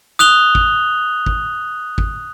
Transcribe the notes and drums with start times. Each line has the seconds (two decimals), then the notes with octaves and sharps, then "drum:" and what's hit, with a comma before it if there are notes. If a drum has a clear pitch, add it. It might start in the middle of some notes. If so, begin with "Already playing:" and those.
0.19 D#6 F#6 F7 G7
0.55 drum: kick G#1
1.26 drum: kick G#1
1.98 drum: kick G#1